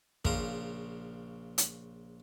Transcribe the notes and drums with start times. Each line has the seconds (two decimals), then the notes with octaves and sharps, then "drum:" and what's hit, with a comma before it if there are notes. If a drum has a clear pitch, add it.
0.25 A#1 C#3 F5 A#5 C6, drum: kick
1.58 drum: hi-hat